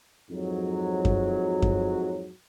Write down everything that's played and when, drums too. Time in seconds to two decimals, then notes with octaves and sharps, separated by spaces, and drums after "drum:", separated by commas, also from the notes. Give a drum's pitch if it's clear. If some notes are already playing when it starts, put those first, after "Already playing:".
0.30 F2 G#2 F#3
1.05 drum: kick F#2
1.62 drum: kick F#2